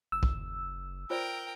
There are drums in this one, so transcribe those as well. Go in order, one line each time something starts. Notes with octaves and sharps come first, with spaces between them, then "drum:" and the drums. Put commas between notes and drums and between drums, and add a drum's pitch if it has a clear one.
F#1 E6
drum: kick
F4 A#4 C5 D5 G5